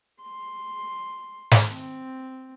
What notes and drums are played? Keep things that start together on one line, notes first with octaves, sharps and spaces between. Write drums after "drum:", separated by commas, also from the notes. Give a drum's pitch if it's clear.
C6
drum: snare
C4